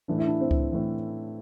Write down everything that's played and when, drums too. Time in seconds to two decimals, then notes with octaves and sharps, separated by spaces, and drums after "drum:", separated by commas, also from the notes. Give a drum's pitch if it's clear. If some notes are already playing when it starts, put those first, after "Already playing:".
0.08 A2 E3 D4
0.18 E4
0.27 D4
0.41 C4
0.51 drum: kick C#2
0.72 A2 E3